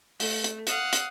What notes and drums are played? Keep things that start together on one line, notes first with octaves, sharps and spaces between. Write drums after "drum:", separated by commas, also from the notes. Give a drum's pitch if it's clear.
A3, drum: open hi-hat
drum: hi-hat
F5 F#5 D#6, drum: hi-hat
drum: hi-hat